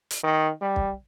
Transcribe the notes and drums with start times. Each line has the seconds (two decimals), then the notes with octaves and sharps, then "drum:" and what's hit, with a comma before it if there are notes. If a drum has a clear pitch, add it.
0.11 drum: hi-hat
0.24 D#3
0.62 G3
0.76 drum: kick